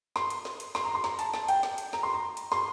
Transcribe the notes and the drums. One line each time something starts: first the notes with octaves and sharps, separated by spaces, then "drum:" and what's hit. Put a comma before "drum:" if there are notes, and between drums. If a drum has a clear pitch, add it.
C6, drum: snare
drum: hi-hat
drum: snare
drum: hi-hat
C6, drum: snare
A#5
C6
A#5, drum: snare
A5, drum: hi-hat
A5, drum: snare
G5, drum: hi-hat
drum: snare
drum: hi-hat
A#5, drum: snare
C6
A#5
drum: hi-hat
C6, drum: snare